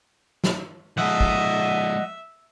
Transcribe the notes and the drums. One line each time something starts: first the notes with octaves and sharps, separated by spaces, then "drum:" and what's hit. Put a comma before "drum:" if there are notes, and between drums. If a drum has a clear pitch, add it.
drum: snare
F3 G#3 D#5 E5 F#5
drum: kick